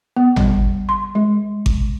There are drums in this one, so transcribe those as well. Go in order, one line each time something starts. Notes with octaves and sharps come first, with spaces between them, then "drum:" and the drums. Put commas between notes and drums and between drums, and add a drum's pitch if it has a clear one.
B3
G3, drum: tom G#1
C6
G#3
drum: kick G#1